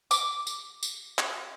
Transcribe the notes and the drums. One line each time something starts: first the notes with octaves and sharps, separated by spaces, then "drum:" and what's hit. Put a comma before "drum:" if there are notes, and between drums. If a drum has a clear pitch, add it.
D6, drum: tambourine
drum: tambourine
drum: tambourine
drum: clap